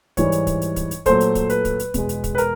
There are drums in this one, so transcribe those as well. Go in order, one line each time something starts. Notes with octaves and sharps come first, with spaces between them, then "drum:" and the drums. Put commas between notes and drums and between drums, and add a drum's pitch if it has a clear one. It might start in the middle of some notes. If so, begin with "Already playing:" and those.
G#2 E3 G3 C#5, drum: kick, hi-hat
drum: hi-hat
drum: kick, hi-hat
drum: hi-hat
drum: kick, hi-hat
drum: hi-hat
A#2 F#3 A3 C5, drum: kick, hi-hat
drum: hi-hat
drum: kick, hi-hat
B4, drum: hi-hat
drum: kick, hi-hat
drum: hi-hat
E2 B2 G#3, drum: kick, hi-hat
drum: hi-hat
drum: kick, hi-hat
B4
A#4, drum: hi-hat